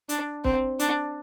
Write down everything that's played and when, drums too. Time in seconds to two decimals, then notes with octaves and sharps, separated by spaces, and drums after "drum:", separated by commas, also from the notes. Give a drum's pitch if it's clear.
0.09 D4, drum: hi-hat
0.44 C4, drum: kick
0.79 D4, drum: hi-hat